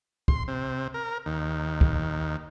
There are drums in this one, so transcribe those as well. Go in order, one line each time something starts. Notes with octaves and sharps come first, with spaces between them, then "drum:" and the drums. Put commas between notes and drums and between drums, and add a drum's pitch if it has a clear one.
C6, drum: kick
C3
A#4
D#2
drum: kick